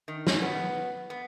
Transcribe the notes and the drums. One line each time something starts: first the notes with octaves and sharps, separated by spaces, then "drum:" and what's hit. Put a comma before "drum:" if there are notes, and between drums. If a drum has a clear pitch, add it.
D#3
drum: snare
B3
B3